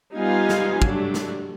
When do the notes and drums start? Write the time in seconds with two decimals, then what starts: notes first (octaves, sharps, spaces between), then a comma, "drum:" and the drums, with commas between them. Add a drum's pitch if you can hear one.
0.15 G3 B3 D#4 F4 F5 G#5
0.49 drum: snare
0.82 F#3 G3 A3 D4, drum: kick
1.14 drum: snare